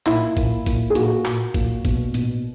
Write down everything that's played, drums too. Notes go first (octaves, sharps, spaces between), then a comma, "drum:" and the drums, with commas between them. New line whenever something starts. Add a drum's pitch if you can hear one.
A#2 E4, drum: clap
A#2, drum: kick G1, hi-hat
A#2, drum: kick G1, hi-hat
G#4
A#2 F#4, drum: hi-hat
A#2, drum: clap
A#2, drum: kick G1, hi-hat
B2, drum: kick G1, hi-hat
B2, drum: hi-hat